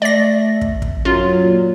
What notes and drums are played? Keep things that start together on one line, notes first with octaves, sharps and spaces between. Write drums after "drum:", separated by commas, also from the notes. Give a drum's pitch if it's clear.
A3 D5 A#6
drum: kick
drum: kick
F#2 F#3 F4
A#2